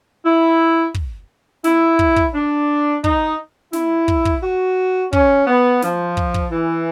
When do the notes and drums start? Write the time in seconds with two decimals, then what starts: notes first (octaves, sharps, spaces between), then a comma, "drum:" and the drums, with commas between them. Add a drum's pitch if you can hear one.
0.24 E4
0.94 drum: kick
1.64 E4, drum: snare
1.99 drum: kick
2.16 drum: kick
2.34 D4
3.04 D#4, drum: kick
3.73 E4, drum: snare
4.08 drum: kick
4.25 drum: kick
4.43 F#4
5.13 C#4, drum: kick
5.47 B3
5.82 F3, drum: snare
6.17 drum: kick
6.34 drum: kick
6.52 E3